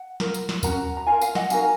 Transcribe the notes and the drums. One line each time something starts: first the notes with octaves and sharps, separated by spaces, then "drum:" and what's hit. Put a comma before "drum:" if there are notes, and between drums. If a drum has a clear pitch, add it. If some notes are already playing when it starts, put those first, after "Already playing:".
Already playing: F#5
F4 A#4, drum: snare
drum: tambourine
drum: snare
C#4 F#4 A#4 F#5 A#5, drum: kick, tambourine
A#5
F4 A#4 F5 G#5
F5 G#5, drum: tambourine
D#5 F#5, drum: snare
D#4 F#4 A#4 F5 G#5, drum: tambourine